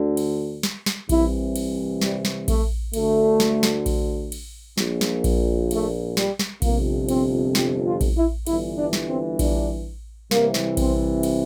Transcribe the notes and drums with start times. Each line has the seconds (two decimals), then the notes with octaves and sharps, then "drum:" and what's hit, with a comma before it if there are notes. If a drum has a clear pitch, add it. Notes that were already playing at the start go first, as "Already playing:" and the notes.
Already playing: D2 D3
0.17 drum: cymbal
0.63 drum: snare
0.86 drum: snare
1.09 C2 C3 E3 E4, drum: kick A#1, cymbal
1.56 drum: cymbal
2.01 G3, drum: snare
2.25 drum: snare
2.48 A3, drum: kick A#1, cymbal
2.94 D2 D3 A3, drum: cymbal
3.40 drum: snare
3.63 drum: snare
3.86 drum: kick A#1, cymbal
4.32 drum: cymbal
4.78 A#1 A#2, drum: snare
5.01 drum: snare
5.24 drum: kick A#1, cymbal
5.71 A3, drum: cymbal
6.17 G3, drum: snare
6.39 drum: snare
6.62 G1 F2 C3 A#3, drum: kick A#1, cymbal
7.09 C4, drum: cymbal
7.55 G4, drum: snare
7.85 F4
8.01 drum: kick A#1, cymbal
8.17 E4
8.47 G1 G2 E3 E4, drum: cymbal
8.77 D4
8.93 drum: snare
9.08 C4
9.39 D4, drum: kick A#1, cymbal
10.31 C2 C3 E3 A#3, drum: snare
10.54 drum: snare
10.77 C4, drum: kick A#1, cymbal
11.23 drum: cymbal